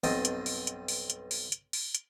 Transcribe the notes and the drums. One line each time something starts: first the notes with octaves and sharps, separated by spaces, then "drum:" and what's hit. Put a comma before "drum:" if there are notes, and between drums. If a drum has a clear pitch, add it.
B1 G2 C4 D#5 A5, drum: open hi-hat
drum: hi-hat
drum: open hi-hat
drum: hi-hat
drum: open hi-hat
drum: hi-hat
drum: open hi-hat
drum: hi-hat
drum: open hi-hat
drum: hi-hat